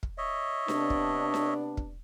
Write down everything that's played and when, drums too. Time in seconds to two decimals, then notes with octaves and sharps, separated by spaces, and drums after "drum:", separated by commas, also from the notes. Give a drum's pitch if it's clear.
0.03 drum: kick
0.18 C#5 D#5 E5
0.68 C3 B3 D4, drum: snare D4
0.90 drum: kick
1.34 drum: snare D4
1.77 drum: kick